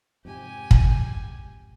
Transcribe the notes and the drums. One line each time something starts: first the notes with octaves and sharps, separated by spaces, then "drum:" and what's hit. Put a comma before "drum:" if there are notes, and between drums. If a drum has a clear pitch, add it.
F2 G#2 C3 G4 G#5
drum: kick